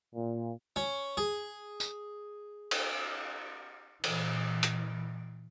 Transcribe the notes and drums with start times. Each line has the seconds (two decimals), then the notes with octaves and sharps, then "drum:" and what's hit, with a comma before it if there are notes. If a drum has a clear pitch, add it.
0.14 A#2
0.76 C#4
1.17 G#4
1.80 drum: tambourine
2.71 drum: cymbal
4.04 A#2 E3, drum: cymbal
4.63 drum: hi-hat